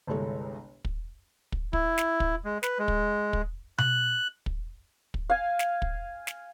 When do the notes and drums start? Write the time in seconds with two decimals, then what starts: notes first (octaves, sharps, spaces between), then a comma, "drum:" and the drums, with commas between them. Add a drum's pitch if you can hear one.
0.07 G1 C2 G#3 A4 C#5
0.85 drum: kick
1.52 drum: kick
1.73 E4, drum: kick
1.98 drum: snare
2.20 drum: kick
2.45 G#3
2.63 B4, drum: snare
2.79 G#3
2.88 drum: kick
3.33 drum: kick
3.78 F#6, drum: tom B2
4.46 drum: kick
5.14 drum: kick
5.30 F5 G#5
5.59 drum: snare
5.82 drum: kick
6.27 drum: snare